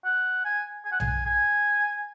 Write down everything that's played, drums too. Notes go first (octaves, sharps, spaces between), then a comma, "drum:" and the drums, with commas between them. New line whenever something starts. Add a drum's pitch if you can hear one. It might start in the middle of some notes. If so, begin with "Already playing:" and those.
F#5
G#5
G#5
F#5
G#5, drum: tom B1
G#5